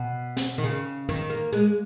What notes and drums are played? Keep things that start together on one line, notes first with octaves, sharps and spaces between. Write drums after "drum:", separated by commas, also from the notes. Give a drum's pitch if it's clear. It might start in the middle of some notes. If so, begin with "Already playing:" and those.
Already playing: B2
drum: snare
D#3
C#3
D#3, drum: tom
A#3
G#3